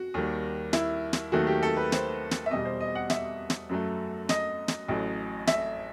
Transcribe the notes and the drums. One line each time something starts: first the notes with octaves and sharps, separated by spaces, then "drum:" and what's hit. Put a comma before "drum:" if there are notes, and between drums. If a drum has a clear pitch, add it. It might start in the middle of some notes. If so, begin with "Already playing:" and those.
Already playing: F#4
D#2 D#3 G3
E4, drum: snare
drum: snare
D#2 D#3 F#3 A3 F#4
G4
A4
B4
C5, drum: snare
drum: snare
E5
E2 B2 G3 D#5
C5
D#5
F#5
E5, drum: snare
drum: snare
F#2 F#3 A3
D#5, drum: snare
drum: snare
A1 A2 F#3
E5, drum: snare